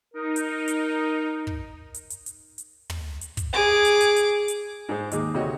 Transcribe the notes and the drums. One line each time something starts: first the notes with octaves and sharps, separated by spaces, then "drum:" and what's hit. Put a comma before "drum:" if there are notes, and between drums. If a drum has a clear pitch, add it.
D#4 A#4
drum: hi-hat
drum: hi-hat
drum: kick
drum: hi-hat
drum: hi-hat
drum: hi-hat
drum: hi-hat
drum: tom
drum: hi-hat
drum: kick, hi-hat
G#4 D6
drum: hi-hat
drum: hi-hat
drum: hi-hat
drum: hi-hat
G#2 G#3 G#4 C5
D#2 D#4 G#4 D6, drum: hi-hat
D2 C3 F#4 C#5 D#5